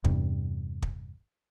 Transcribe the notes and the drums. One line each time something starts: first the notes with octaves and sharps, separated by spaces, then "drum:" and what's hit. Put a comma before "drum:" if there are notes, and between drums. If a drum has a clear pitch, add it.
E2 G2 C3, drum: kick
drum: kick